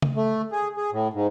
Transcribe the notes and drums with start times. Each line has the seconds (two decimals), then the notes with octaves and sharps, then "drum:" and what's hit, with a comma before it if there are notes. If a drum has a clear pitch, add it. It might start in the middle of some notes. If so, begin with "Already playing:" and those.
0.02 drum: tom C#3
0.16 A3
0.52 G#4
0.77 G#4
0.92 A2
1.13 G#2